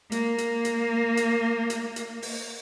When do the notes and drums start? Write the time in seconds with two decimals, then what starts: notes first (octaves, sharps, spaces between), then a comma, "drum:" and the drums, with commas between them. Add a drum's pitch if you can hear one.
0.12 A#3, drum: hi-hat
0.38 drum: hi-hat
0.65 drum: hi-hat
1.17 drum: hi-hat
1.70 drum: hi-hat
1.96 drum: hi-hat
2.22 drum: open hi-hat